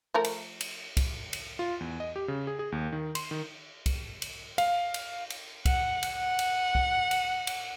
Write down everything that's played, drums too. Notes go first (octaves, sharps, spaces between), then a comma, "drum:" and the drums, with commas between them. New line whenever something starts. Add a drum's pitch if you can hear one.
F3 A3 A#4
drum: cymbal
drum: cymbal
drum: kick, cymbal
drum: cymbal
F4
E2
D#5
G4
C#3
G#4
G#4
D#2
D#3
C6, drum: cymbal
D#3
drum: kick, cymbal
drum: cymbal
F5, drum: cymbal
drum: cymbal
drum: cymbal
F#5, drum: kick, cymbal
drum: cymbal
F#5
drum: cymbal
drum: kick
drum: cymbal
drum: cymbal